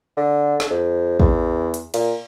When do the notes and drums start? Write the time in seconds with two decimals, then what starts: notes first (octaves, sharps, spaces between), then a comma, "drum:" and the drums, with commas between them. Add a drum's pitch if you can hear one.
0.17 D3
0.60 drum: snare
0.71 F2
1.20 E2, drum: kick
1.74 drum: hi-hat
1.94 A#2, drum: cymbal